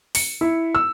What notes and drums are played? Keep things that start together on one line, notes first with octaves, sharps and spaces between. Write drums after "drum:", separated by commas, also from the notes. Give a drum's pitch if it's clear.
C#7, drum: open hi-hat
E4
E6